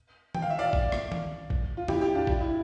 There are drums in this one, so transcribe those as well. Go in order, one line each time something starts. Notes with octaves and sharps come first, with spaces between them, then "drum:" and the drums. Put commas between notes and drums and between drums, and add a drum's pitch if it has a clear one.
G5, drum: tom D#3
F5
E5
D5 F5
drum: kick A#1
drum: rim click
drum: tom D#3
drum: kick A#1
F4
E4 G4, drum: tom E2
E4 G4
D4 F4
drum: kick A#1
E4